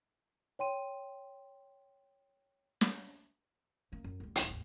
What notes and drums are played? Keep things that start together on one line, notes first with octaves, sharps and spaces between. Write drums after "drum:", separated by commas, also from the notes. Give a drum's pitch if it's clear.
C#5 G5 C6 D#7
drum: snare
A#3 C#4
F#2
D2 G3
D1 A#1, drum: hi-hat
D#2 G#2